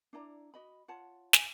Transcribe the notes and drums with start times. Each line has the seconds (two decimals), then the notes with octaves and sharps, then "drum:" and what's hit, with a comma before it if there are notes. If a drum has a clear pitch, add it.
0.13 D4 E4 D5 A#5
0.54 F#4 D#5 B5
0.88 F4 C#5 F#5 A5
1.33 G#5, drum: snare